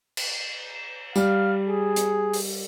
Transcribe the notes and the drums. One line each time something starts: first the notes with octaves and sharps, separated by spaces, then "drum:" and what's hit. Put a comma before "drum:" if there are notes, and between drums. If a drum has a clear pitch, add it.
drum: cymbal
G3 F5, drum: tambourine
G#4
drum: hi-hat
drum: open hi-hat